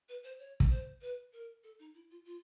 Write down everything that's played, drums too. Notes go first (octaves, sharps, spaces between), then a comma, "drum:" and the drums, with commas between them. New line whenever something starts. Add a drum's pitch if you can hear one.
B4
C5
C#5
drum: kick
C5
B4
A#4
A4
D#4
E4
F4
F4